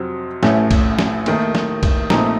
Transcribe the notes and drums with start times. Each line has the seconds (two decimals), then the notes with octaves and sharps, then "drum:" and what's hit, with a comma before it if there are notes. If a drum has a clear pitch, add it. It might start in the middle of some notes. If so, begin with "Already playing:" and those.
Already playing: F2 C3 F#3 C4
0.43 A1 A2 A3 C#4, drum: snare
0.71 drum: kick B1, cymbal
0.99 drum: snare
1.26 D#2 D#3 A3 D#4, drum: cymbal
1.55 drum: snare
1.83 drum: kick B1, cymbal
2.10 A#1 A#2 A3 C4 D#4 A#5, drum: snare